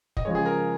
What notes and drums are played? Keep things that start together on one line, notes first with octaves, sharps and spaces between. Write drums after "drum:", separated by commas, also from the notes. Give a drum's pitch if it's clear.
D#5, drum: kick
C#3 F3 G#3 C#5
G#4
A#4